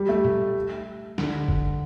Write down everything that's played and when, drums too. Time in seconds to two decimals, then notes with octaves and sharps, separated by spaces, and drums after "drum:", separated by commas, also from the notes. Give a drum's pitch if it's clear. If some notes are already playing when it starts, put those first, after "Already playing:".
Already playing: G3
0.09 A3
0.25 drum: tom A#2
1.18 D3, drum: snare
1.48 drum: kick